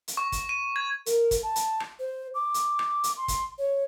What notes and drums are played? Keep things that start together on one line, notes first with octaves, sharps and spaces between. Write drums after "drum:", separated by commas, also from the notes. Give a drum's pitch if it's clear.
drum: hi-hat
C#6
drum: kick, hi-hat
D#7
G#6
A#4, drum: hi-hat
drum: kick, hi-hat
A5
drum: hi-hat
drum: rim click
C5
D6
drum: hi-hat
drum: rim click
drum: hi-hat
C6
drum: kick, hi-hat
C#5